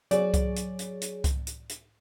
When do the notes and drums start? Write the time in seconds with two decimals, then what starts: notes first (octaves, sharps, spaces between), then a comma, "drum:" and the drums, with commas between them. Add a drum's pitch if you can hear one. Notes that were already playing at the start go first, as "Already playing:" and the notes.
0.11 F#3 G#4 C#5 D5, drum: hi-hat
0.34 drum: kick C2, hi-hat
0.56 drum: hi-hat
0.79 drum: hi-hat
1.02 drum: hi-hat
1.24 drum: kick C2, hi-hat
1.47 drum: hi-hat
1.69 drum: hi-hat